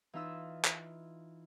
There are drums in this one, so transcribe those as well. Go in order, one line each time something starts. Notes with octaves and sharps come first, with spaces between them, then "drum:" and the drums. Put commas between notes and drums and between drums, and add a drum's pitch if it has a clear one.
E3 D#4 F4 E5 E6
drum: clap